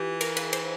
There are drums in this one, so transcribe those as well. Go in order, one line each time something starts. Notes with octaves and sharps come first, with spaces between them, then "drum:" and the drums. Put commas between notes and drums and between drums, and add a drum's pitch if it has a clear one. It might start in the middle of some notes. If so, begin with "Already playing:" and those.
Already playing: E3 F4 G4
A#4, drum: cymbal
B4, drum: cymbal
C5, drum: cymbal